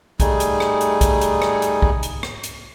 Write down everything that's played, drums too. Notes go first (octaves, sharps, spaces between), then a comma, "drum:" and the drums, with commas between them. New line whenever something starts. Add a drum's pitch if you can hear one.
G3 A3 D#4 G#4, drum: kick B1, hi-hat
drum: hi-hat
drum: rim click
drum: hi-hat
drum: kick B1, hi-hat
drum: hi-hat
drum: rim click
drum: hi-hat
drum: kick B1
drum: hi-hat
drum: rim click
drum: hi-hat